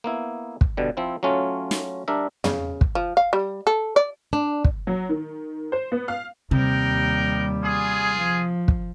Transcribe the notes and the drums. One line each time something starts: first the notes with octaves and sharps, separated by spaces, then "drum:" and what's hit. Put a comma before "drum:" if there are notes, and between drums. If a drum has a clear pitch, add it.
A#3 B3 E4
drum: kick
B2 D3 G3
F3 C4 E4
F#3 A3 C#4 F4
drum: snare
G3 D4 A#4 E5
C#3, drum: tom
drum: kick
F3
F5
G3
A4
D5
D4
drum: kick
F#3
D#3
C5
B3
F5
D#2 C3 G3 D#4 A#4 G5
F4 G#4
F3
drum: kick